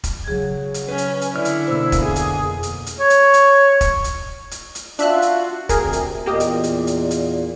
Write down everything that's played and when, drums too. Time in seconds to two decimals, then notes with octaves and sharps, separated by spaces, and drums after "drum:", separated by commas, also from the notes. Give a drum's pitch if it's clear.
0.04 drum: kick E1, hi-hat
0.24 C#3 F#3 G#4 G#6
0.74 drum: hi-hat
0.89 C#4 B4
0.98 drum: hi-hat
1.21 drum: hi-hat
1.36 D3 E4 D5 F6
1.45 drum: hi-hat
1.67 B2 A#3 C5 E6
1.92 drum: kick E1, hi-hat
2.02 F2 G#4
2.16 drum: hi-hat
2.63 drum: hi-hat
2.86 drum: hi-hat
2.99 C#5
3.10 drum: hi-hat
3.34 drum: hi-hat
3.81 drum: kick E1, hi-hat
4.04 drum: hi-hat
4.51 drum: hi-hat
4.75 drum: hi-hat
4.99 D4 F4 F#4 E5 F#6, drum: hi-hat
5.22 drum: hi-hat
5.69 D2 C3 G#4 A#4, drum: kick E1, hi-hat
5.93 drum: hi-hat
6.26 E2 A#2 A#3 G4 D#5
6.40 drum: hi-hat
6.64 drum: hi-hat
6.87 drum: hi-hat
7.11 drum: hi-hat